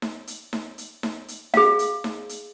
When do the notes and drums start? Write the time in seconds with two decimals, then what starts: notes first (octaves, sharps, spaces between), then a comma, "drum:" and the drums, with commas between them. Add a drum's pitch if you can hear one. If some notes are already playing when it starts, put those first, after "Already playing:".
0.02 drum: snare D#4
0.27 drum: hi-hat
0.53 drum: snare D#4
0.78 drum: hi-hat
1.03 drum: snare D#4
1.28 drum: hi-hat
1.54 G#4 F5, drum: snare D#4
1.79 drum: hi-hat
2.04 drum: snare D#4
2.29 drum: hi-hat